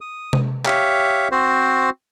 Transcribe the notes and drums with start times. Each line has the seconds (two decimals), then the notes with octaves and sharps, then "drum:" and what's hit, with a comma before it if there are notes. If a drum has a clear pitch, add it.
0.01 D#6
0.33 drum: tom C3
0.65 G4 C#5 E5 F5, drum: clap
1.31 C4 F#4 C5